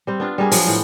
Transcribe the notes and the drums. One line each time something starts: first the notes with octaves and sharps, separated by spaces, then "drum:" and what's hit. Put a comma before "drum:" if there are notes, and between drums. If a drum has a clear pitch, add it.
G3 C4
B3 D4 F4
G3 A#3 G#4
F3 F#3 B3, drum: open hi-hat
A2 E3